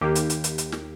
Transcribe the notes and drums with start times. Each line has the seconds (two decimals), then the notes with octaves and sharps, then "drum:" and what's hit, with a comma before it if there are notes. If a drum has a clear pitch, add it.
0.01 D#2 D#3 A#3 G4
0.15 drum: hi-hat
0.30 drum: hi-hat
0.44 drum: hi-hat
0.58 drum: hi-hat
0.72 drum: snare